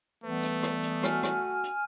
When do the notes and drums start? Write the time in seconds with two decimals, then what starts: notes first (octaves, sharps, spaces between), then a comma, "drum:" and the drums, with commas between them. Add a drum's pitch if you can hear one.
0.24 E3 G3 A3 B3 B4
0.43 drum: hi-hat
0.63 drum: rim click
0.83 drum: hi-hat
1.03 F#4 G#5 F6, drum: rim click
1.23 drum: rim click
1.63 drum: hi-hat